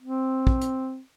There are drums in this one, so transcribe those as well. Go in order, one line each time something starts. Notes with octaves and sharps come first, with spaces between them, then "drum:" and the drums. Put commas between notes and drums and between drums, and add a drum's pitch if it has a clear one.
C4
drum: kick
drum: hi-hat